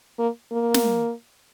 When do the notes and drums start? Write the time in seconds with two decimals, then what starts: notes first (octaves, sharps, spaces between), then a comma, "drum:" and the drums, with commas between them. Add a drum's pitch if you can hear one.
0.19 A#3
0.52 A#3
0.74 drum: snare